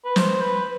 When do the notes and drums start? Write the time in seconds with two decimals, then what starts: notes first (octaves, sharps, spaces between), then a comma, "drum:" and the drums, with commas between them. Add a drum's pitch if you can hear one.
0.05 B4
0.16 C5, drum: snare
0.41 B4